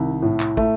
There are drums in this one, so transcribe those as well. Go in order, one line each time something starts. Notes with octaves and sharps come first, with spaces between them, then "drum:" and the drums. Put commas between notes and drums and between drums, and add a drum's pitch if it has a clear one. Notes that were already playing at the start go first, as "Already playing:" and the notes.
Already playing: C2 D#3
A2
drum: clap
A3, drum: kick